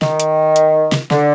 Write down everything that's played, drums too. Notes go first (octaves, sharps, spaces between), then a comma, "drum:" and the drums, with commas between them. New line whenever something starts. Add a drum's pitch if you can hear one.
D#3, drum: snare
drum: hi-hat
drum: hi-hat
drum: snare
D3, drum: snare